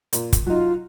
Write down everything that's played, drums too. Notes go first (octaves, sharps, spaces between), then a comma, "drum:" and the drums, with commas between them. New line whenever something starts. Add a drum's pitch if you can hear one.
A#2, drum: hi-hat
drum: kick, hi-hat
F#3 D#4 F4